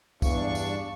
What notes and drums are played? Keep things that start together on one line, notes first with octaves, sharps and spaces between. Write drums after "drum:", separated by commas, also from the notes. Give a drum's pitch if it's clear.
E2 G2 D4 F5 C#6, drum: kick, tambourine
drum: tambourine